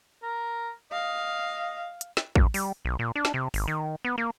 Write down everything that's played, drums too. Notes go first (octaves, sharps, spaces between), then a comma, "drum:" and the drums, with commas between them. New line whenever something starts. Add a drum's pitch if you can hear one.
A#4
D#5 F5
drum: hi-hat
drum: snare
F#2, drum: kick A1
G3, drum: open hi-hat
B1
A#2
D4
drum: snare
C3
G#1, drum: open hi-hat
D#3
B3
A#3